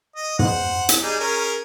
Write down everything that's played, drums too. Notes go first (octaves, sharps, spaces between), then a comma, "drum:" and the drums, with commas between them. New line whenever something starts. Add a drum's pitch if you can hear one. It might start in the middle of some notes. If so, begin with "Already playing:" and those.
D#5
C5 F#5, drum: tom
drum: hi-hat
G3 D#4 G#4
C#4 G#4 A#4